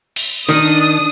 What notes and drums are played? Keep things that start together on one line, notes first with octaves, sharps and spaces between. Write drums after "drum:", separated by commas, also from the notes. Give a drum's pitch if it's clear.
drum: cymbal
D#3 D4 D#6